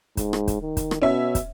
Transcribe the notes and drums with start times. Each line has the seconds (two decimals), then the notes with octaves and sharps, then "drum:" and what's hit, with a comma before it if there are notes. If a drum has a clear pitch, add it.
0.17 G#2, drum: kick, hi-hat
0.33 drum: rim click
0.48 drum: kick, hi-hat
0.62 D#3
0.77 drum: kick, hi-hat
0.91 drum: rim click
1.02 B2 C#4 E5
1.35 drum: kick, hi-hat